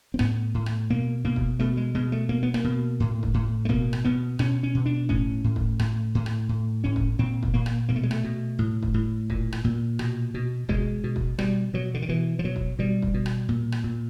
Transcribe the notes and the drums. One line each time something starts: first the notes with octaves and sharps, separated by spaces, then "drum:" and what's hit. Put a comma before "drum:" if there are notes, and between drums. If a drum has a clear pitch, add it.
C4
A2 B3, drum: rim click
A2
drum: rim click
B2 A#3
B2 A#3
drum: kick
B2 A3
G#3
B2 G#3
A3
B2 A#3
B3
A#3, drum: rim click
B2
A2
drum: kick
A2
A3
B2 A#3, drum: kick
drum: rim click
B2 B3
B2 C#4, drum: rim click
C#4
B2
D4
A2 C#4, drum: kick
A2
drum: kick
A2, drum: rim click
A2
drum: rim click
A2
A2 C#4
drum: kick
A#2 C4
drum: kick
A#2 A#3
drum: rim click
B2 A#3
A3
G#3
A3, drum: rim click
B2
A2
drum: kick
A2
A#2, drum: kick
drum: rim click
A#2
B2, drum: rim click
B2
B2 G#3, drum: kick
B2
drum: kick
B2 G3, drum: rim click
B2 F#3
D3
D#3
B2 E3
F3
B2 F#3
drum: kick
B2 G3
drum: kick
B2
drum: rim click
A#2
drum: rim click
A#2